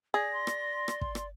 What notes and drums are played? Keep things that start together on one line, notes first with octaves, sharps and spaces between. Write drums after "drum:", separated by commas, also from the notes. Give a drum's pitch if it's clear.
G#4 D5 A#6
C6
drum: rim click
drum: rim click
drum: kick
drum: rim click